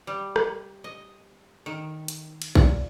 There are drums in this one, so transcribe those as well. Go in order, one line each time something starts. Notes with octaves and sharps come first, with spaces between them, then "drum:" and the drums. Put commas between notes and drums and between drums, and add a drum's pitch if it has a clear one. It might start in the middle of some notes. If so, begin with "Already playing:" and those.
G3
drum: rim click
D#5
D#3
drum: hi-hat
drum: cymbal
A#2, drum: kick